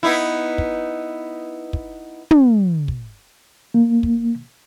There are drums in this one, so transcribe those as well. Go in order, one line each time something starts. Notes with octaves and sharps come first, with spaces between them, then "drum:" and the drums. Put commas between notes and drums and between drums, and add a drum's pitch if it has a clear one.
B3 D#4 E4
drum: kick
drum: kick
drum: tom
drum: kick
A#3
drum: kick